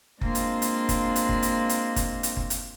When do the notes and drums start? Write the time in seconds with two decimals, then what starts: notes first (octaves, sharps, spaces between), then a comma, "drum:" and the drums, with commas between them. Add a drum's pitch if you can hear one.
0.21 G#3 A#3 C4 D4 F4, drum: kick F#1
0.35 drum: hi-hat
0.62 drum: hi-hat
0.89 drum: kick F#1, hi-hat
1.16 drum: hi-hat
1.29 drum: kick F#1
1.43 drum: hi-hat
1.69 drum: hi-hat
1.96 drum: kick F#1, hi-hat
2.23 drum: hi-hat
2.37 drum: kick F#1
2.50 drum: hi-hat